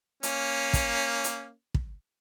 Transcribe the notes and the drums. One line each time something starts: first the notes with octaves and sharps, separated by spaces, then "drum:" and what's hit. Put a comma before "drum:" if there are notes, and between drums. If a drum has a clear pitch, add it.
A#3 C#4, drum: hi-hat
drum: kick, hi-hat
drum: hi-hat
drum: kick